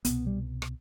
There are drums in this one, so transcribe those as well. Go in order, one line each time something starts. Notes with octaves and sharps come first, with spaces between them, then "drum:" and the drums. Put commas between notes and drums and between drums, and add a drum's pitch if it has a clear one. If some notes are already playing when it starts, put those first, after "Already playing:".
C2 B2 B3, drum: hi-hat
G3
drum: rim click